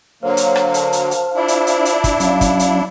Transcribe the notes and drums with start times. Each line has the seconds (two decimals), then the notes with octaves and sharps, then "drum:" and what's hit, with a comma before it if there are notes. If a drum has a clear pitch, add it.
0.23 D3 F#3 A#3 C5 C#5 F5
0.37 drum: hi-hat
0.55 drum: rim click
0.74 A5, drum: hi-hat
0.93 drum: hi-hat
1.11 drum: hi-hat
1.35 D4 E4 F4
1.48 drum: hi-hat
1.67 drum: hi-hat
1.85 drum: hi-hat
2.04 drum: kick, hi-hat
2.20 F#3 C#4 F5, drum: hi-hat
2.41 drum: kick, hi-hat
2.59 drum: hi-hat